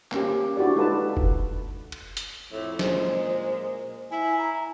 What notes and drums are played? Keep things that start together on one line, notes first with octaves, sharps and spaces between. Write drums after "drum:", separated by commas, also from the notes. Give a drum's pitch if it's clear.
A#3 C#4 G4, drum: clap
D4 E4 F#4 G4 D5
G#3 D#4 F4 A4 B4 A5
drum: kick
drum: cymbal
drum: hi-hat
F2 A2
A#2 G#3 C5, drum: snare
E4 G#5
A#5